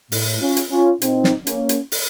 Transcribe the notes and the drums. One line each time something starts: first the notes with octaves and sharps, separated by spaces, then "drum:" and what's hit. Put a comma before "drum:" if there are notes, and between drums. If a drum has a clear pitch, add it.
A2, drum: open hi-hat
C#4 F4
drum: hi-hat
C#4 F4
A#2 C4 D#4, drum: hi-hat
drum: snare
A#3 C#4, drum: hi-hat
drum: hi-hat
drum: open hi-hat